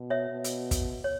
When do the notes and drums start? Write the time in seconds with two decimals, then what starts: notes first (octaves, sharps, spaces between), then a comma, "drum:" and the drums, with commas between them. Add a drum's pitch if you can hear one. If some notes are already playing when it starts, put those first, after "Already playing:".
Already playing: B2
0.10 C#5 E5
0.31 B2
0.44 drum: hi-hat
0.71 drum: kick, hi-hat
1.04 C#5